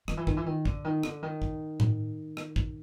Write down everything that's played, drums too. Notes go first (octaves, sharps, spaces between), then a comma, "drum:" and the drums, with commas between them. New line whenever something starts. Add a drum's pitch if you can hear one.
D#3, drum: rim click
E3
D#3, drum: kick
E3
D#3
D3, drum: kick
D#3
D3, drum: rim click
D#3
drum: kick
drum: tom A2
drum: rim click
drum: kick